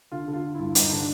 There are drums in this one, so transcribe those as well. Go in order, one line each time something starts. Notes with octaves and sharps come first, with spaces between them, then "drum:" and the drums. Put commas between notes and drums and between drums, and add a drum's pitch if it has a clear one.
D3 F4
D3
F4
D3
G2 E4
G2 D#4, drum: hi-hat
D3 D4